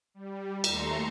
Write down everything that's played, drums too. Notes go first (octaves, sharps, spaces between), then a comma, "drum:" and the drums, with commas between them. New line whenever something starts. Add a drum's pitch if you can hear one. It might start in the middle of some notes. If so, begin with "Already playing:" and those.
G3
D#2 A3 A#5 C6 C#7, drum: cymbal